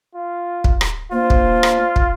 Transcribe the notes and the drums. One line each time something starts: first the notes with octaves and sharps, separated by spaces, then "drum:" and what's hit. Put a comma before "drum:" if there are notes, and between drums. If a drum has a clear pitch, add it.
F4
drum: kick
drum: rim click
A#3 D4 F4 C5
drum: kick
drum: rim click
drum: kick